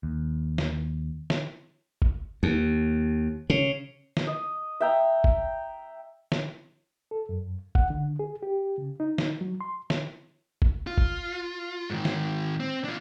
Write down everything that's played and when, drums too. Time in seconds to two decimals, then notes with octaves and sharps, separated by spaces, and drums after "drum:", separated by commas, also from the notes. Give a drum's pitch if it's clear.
0.03 D#2
0.58 drum: snare
1.30 drum: snare
2.02 drum: kick G1
2.43 D#2
3.50 C#3
4.17 drum: snare
4.27 D#5
4.81 E5 G5 A#5
5.24 drum: kick G1
6.32 drum: snare
7.11 A4
7.29 F#2
7.75 F#5, drum: kick G1
7.90 D3
8.19 G#4
8.43 G4
8.78 C#3
9.00 D#4
9.18 drum: snare
9.41 F#3
9.61 C6
9.90 drum: snare
10.62 drum: kick G1
10.87 F4
10.98 drum: kick G1
11.90 G#2 D#3
12.05 drum: snare
12.60 C4
12.84 D4 F4